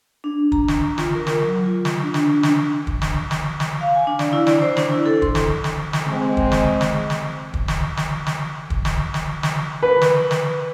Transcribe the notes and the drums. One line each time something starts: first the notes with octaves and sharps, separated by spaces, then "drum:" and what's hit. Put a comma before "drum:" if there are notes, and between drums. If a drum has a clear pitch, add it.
D4
A#5, drum: kick
drum: snare
F4, drum: snare
A#4
drum: snare
F#3
F4
drum: snare
D4
drum: snare
drum: snare
drum: kick
drum: snare
drum: snare
drum: snare
F5
G#5
D4
D5, drum: snare
E4
D5, drum: snare
C5
D4, drum: snare
E4
A4
C6, drum: kick
drum: snare
drum: snare
drum: snare
G#3 C4
drum: kick
drum: snare
drum: snare
drum: snare
drum: kick
drum: snare
drum: snare
drum: snare
drum: kick
drum: snare
drum: snare
drum: snare
B4
drum: snare
drum: snare